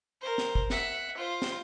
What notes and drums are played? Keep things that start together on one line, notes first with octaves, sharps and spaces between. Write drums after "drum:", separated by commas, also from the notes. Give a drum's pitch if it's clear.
A#4 C5
drum: snare
drum: kick
E5 F#5, drum: snare
F4 C5
drum: snare